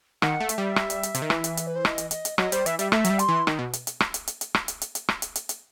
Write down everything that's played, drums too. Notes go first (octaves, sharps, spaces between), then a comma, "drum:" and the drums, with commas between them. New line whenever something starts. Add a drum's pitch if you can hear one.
D#3 F#5, drum: rim click
A3
E5, drum: hi-hat
G3
drum: rim click
drum: hi-hat
drum: hi-hat
C3, drum: hi-hat
D#3
E3, drum: rim click
drum: hi-hat
drum: hi-hat
B4
C5
D#5, drum: rim click
drum: hi-hat
D#5, drum: hi-hat
drum: hi-hat
F#3 D#5, drum: rim click
G3 C5, drum: hi-hat
E3 E5, drum: hi-hat
G3 E5, drum: hi-hat
A3 E5, drum: rim click
F#3, drum: hi-hat
G3
C6, drum: hi-hat
E3
D#3, drum: rim click
B2
drum: hi-hat
drum: hi-hat
drum: rim click
drum: hi-hat
drum: hi-hat
drum: hi-hat
drum: rim click
drum: hi-hat
drum: hi-hat
drum: hi-hat
drum: rim click
drum: hi-hat
drum: hi-hat
drum: hi-hat